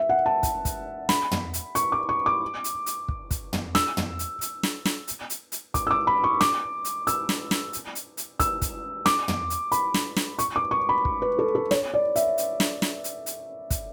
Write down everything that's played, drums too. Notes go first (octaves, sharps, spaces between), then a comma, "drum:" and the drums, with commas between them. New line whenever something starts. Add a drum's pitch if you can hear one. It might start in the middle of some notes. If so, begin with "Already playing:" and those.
Already playing: E5
F#5
A5
drum: kick, hi-hat
drum: kick, hi-hat
B5, drum: snare
drum: tom
drum: hi-hat
C#6, drum: hi-hat
D6
C#6
D6
drum: hi-hat
drum: hi-hat
drum: kick
drum: kick, hi-hat
drum: tom
E6, drum: snare
drum: tom
drum: hi-hat
drum: hi-hat
drum: snare
drum: snare
drum: hi-hat
drum: hi-hat
drum: hi-hat
D6, drum: kick, hi-hat
E6
D6
B5
C#6
D6, drum: snare
drum: hi-hat
E6, drum: hi-hat
drum: snare
drum: snare
drum: hi-hat
drum: hi-hat
drum: hi-hat
E6, drum: kick, hi-hat
drum: kick, hi-hat
D6, drum: snare
drum: tom
drum: hi-hat
B5, drum: hi-hat
drum: snare
drum: snare
C#6, drum: hi-hat
D6
C#6
B5
drum: kick
B4
A4
A4
C#5, drum: snare
D5
E5, drum: hi-hat
drum: hi-hat
drum: snare
drum: snare
drum: hi-hat
drum: hi-hat
drum: kick, hi-hat